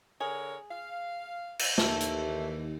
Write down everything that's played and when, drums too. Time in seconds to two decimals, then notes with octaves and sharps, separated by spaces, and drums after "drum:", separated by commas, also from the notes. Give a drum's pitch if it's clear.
0.21 D3 G#4 A#4 C#5
0.70 F5
1.59 drum: cymbal
1.78 D#2 D3 E3 A3, drum: snare
2.01 drum: hi-hat